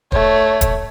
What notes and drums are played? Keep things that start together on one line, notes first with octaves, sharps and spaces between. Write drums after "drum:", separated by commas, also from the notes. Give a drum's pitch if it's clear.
A3 C#5, drum: kick
drum: kick, hi-hat